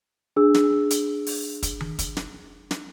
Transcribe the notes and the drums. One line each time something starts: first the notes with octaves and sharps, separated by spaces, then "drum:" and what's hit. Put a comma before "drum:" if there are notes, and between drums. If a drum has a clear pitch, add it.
D4 G#4 E6
drum: snare
drum: hi-hat
drum: open hi-hat
drum: kick, hi-hat
drum: tom D#3
drum: kick, hi-hat
drum: snare
drum: snare